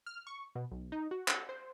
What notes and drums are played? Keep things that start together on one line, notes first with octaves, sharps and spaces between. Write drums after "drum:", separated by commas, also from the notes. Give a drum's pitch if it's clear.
F6
C#6
B2
B1
D#4
F#4
drum: clap
C5